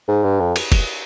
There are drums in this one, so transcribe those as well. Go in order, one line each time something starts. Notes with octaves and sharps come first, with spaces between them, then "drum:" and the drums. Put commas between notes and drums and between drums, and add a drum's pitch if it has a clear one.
G#2
G2
F2
drum: cymbal
drum: kick, cymbal